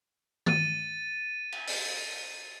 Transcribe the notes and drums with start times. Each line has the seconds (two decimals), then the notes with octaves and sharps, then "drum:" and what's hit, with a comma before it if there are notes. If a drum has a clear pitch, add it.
0.46 A6 D#7, drum: tom D#3
1.52 drum: cymbal
1.67 drum: open hi-hat